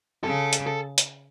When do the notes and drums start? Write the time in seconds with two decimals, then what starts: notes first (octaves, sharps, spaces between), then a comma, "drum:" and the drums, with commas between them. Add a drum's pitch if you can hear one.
0.24 C#3 A4
0.53 drum: hi-hat
0.67 A4
0.98 drum: hi-hat